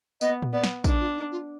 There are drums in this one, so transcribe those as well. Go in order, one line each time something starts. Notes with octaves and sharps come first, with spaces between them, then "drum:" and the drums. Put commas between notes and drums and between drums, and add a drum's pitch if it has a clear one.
B3 D#5, drum: tambourine
drum: tom A#2
B3 D5
drum: snare
D4 D#4, drum: kick, tambourine
F4
D#4
F4